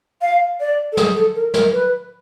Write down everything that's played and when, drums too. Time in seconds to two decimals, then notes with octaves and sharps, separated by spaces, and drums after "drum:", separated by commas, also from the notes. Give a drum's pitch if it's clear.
0.22 F5
0.60 D5
0.92 A4
0.97 G#4, drum: snare
1.16 A4
1.35 A#4
1.54 A#4, drum: snare
1.73 B4